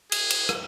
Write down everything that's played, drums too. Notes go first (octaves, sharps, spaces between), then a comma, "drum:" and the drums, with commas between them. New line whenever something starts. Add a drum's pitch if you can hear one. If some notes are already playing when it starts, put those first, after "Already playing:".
G#4, drum: cymbal
drum: cymbal
drum: rim click